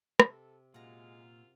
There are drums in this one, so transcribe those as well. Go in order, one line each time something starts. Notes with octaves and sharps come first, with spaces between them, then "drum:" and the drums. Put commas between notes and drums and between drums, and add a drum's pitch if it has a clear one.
C3 A4, drum: rim click
F#2 A#2 G#3 F4 F#5 A#5